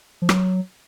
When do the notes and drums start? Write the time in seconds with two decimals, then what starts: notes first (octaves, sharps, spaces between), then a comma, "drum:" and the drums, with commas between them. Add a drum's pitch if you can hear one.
0.22 F3
0.29 F#3, drum: rim click